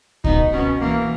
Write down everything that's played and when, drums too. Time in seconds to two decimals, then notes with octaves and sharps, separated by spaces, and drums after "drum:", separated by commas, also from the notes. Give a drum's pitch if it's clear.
0.24 B2 B3 D#4, drum: kick C#2
0.53 B2 B3 C#4
0.81 E3 A#3